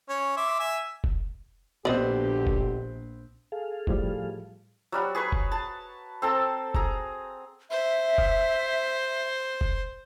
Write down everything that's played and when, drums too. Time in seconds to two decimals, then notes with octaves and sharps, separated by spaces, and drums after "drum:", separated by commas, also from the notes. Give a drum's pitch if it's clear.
0.09 C#4 C#5
0.37 E5 C6 D6
0.59 E5 G#5
1.04 drum: kick F1
1.85 A#1 B2 D3 B3 C4 G4 D5 D#5
2.47 drum: kick F1
3.52 G#4 A4 F5
3.87 A2 F3 G3, drum: kick F1
4.92 F#3 G3 F#4
5.15 G#4 B4 C#5 C#6
5.32 drum: kick F1
5.52 A5
6.22 C4 A4 A5 A#5
6.75 G#4 A#5, drum: kick F1
7.71 C5 E5
8.18 drum: kick F1
9.61 drum: kick F1